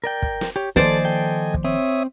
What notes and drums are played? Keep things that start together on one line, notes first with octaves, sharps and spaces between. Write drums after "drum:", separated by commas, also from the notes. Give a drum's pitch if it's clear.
A#4 D5 G5
drum: kick
drum: snare
G4 C#5
D#3 F3 A#3 A4 C5 D5 D#5 G#5, drum: kick
A4 G5
drum: kick
C4 C#5 E5 D#6